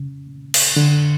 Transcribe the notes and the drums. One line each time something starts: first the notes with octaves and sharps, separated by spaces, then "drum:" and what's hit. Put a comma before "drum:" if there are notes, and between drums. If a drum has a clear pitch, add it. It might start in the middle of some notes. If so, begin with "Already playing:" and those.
Already playing: C#3
drum: cymbal
D3